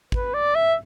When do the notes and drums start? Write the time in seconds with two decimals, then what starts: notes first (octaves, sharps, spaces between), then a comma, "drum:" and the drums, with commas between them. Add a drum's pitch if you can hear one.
0.12 B4, drum: kick
0.34 D5
0.55 E5